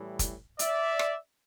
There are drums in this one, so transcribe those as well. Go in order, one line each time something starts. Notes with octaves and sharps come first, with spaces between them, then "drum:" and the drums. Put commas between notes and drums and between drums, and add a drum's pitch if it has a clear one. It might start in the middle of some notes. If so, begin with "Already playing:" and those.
Already playing: A2 E3 G3
drum: kick, hi-hat
D5 E5, drum: hi-hat
drum: rim click